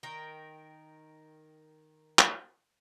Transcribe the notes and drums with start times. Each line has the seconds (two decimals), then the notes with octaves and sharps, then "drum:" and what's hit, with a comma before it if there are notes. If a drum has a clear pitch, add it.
0.03 D#3 A#4 G5
2.19 drum: clap